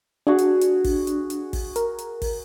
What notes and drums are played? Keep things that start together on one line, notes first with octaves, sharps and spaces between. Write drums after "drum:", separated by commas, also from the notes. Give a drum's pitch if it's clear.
D4 F#4 G#4
drum: hi-hat
drum: hi-hat
drum: kick, open hi-hat
drum: hi-hat
drum: hi-hat
drum: kick, open hi-hat
A#4, drum: hi-hat
drum: hi-hat
drum: kick, open hi-hat